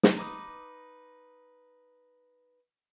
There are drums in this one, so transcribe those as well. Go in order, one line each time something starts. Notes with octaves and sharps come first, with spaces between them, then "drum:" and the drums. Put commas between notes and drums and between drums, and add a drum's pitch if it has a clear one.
drum: snare
D#4 B4 D6 D#6